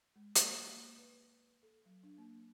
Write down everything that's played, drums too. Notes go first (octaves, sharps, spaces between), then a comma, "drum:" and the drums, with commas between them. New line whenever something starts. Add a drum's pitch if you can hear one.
G#3
A#3, drum: hi-hat
D5
A#3
B4
A4
F#3
D4
A#3